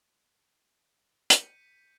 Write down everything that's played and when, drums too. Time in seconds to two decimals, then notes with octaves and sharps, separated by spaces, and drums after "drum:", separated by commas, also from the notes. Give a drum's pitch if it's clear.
1.30 G6 B6 C#7 D#7, drum: hi-hat